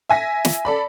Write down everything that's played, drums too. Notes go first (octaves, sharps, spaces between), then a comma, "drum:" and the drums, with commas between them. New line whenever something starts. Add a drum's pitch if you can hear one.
E5 G#5 A#6 B6
drum: snare
A4 D5 B5